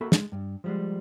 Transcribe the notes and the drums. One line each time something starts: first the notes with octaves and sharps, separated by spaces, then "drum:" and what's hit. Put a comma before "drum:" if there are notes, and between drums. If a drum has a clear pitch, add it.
A#3 F#4 A4 A#4 E5 B5
G#3, drum: snare
G2
F3 G3 G#3